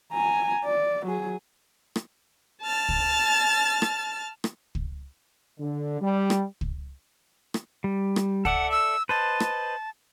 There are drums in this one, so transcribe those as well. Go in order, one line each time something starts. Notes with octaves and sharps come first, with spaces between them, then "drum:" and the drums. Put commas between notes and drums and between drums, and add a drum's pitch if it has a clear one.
G#5 A#5
D5
F#3 G#4
drum: rim click
A5 F6 A6
drum: kick
drum: rim click
drum: rim click
drum: kick
D3
G3
drum: rim click
drum: kick
drum: rim click
G3
drum: rim click
A4 D5 E5 F#5, drum: kick
E6
B4 C5 D#5 A5
drum: rim click